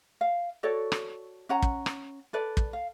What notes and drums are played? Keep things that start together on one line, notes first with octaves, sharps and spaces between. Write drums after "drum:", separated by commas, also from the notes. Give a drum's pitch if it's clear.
F5
F#4 A4 C#5 D5
drum: rim click
C#4 F#5 A#5
drum: kick
drum: rim click
A4 B4 D5
drum: kick
F5